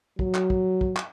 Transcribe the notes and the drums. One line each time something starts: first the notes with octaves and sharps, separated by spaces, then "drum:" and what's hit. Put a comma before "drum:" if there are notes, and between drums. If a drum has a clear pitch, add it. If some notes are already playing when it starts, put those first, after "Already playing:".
F#3, drum: kick
drum: clap
drum: kick
drum: kick
drum: clap